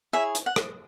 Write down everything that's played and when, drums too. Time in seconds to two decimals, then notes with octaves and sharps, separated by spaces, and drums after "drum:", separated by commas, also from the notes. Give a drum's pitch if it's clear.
0.13 E4 G#4 C#5 E5
0.35 drum: hi-hat
0.46 F#5
0.56 drum: rim click